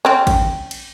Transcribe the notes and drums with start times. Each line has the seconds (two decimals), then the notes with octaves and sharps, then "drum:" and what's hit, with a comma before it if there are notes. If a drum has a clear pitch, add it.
0.05 C4 C#4
0.27 drum: kick, cymbal
0.71 drum: cymbal